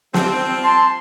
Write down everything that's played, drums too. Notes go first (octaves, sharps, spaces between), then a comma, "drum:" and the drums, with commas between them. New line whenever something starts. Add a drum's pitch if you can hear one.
F3 G3 C4, drum: snare
A5 C6